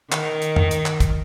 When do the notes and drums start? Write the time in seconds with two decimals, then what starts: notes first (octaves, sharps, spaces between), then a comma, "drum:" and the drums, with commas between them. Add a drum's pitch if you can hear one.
0.12 D#3, drum: clap
0.42 drum: hi-hat
0.56 drum: tom
0.71 drum: hi-hat
0.86 drum: clap
1.00 drum: kick, hi-hat